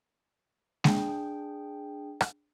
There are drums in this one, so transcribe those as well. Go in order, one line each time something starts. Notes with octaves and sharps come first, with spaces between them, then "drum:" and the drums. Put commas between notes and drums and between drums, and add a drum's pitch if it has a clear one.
D4 G#4 G5, drum: snare G#3
drum: rim click